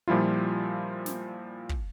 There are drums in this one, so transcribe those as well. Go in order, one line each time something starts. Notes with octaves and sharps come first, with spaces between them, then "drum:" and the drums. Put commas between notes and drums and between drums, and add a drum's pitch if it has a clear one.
A#2 F3 G3 E4 F4
drum: snare
drum: kick